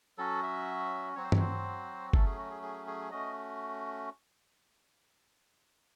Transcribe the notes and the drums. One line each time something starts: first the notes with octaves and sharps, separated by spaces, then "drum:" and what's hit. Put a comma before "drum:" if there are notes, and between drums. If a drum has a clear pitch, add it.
F#3 C#4 F#4 A4
E5
F#3 C4 F#4 C#5
C5
C#5, drum: tom G2
C5
F#3 A3 C#4 A4, drum: kick
G#4
F#4
G#4
G#4
G#4
A3 C#4 F#4 D#5